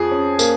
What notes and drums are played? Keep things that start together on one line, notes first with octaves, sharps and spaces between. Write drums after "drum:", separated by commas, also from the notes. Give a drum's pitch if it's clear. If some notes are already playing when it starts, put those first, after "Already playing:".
Already playing: F2 F3 G#4
C#4
A#3, drum: tambourine